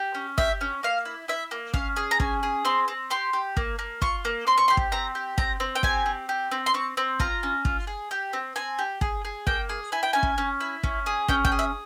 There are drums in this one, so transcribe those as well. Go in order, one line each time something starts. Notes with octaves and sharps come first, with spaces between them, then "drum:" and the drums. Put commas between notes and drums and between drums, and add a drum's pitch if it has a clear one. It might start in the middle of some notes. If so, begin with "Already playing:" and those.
Already playing: G4
C#4
G4 E5, drum: kick
C#4
A#3 F5
E4
E4 E5
A#3
C#4 F5, drum: kick
G#4
A#5
C#4 G#5, drum: kick
G#4
C4 C6
C4
G4 C6
G4
A#3, drum: kick
A#3
F4 C#6, drum: kick
A#3
C4 C6
C#6
G4 C6
drum: kick
C4 A#5
G4
C4 A#5, drum: kick
C4
G5
G4 G#5, drum: kick
C4
G4
C4
C6
C4 C#6
C4
F4 A#5, drum: kick
C#4
F4, drum: kick
G#4
G4
C4
C4 G#5
G4
G#4, drum: kick
G#4
A#3 G5, drum: kick
G#4
E4 G#5
G5
C#4 G#5
drum: kick
C#4
E4
C#4, drum: kick
G#4
C#4 G5, drum: kick
G5, drum: kick
G#4
E5